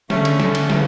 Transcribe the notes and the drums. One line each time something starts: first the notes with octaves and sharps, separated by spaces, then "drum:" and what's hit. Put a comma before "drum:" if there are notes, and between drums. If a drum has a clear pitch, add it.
D3 A3 C#4, drum: snare
drum: cymbal
D3, drum: snare
drum: cymbal
C#3 E3, drum: snare